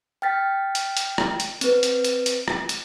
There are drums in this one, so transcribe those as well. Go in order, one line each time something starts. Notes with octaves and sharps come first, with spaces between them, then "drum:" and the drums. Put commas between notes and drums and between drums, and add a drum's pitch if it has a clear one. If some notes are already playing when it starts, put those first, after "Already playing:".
G5 F6 A6 B6
drum: hi-hat
drum: hi-hat
drum: rim click
drum: hi-hat
C4 B4, drum: hi-hat
drum: hi-hat
drum: hi-hat
drum: hi-hat
drum: rim click
drum: hi-hat